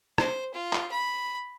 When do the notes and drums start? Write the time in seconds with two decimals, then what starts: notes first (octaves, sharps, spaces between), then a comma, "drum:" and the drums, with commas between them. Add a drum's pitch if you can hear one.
0.18 C5, drum: rim click
0.53 F4
0.73 drum: clap
0.91 B5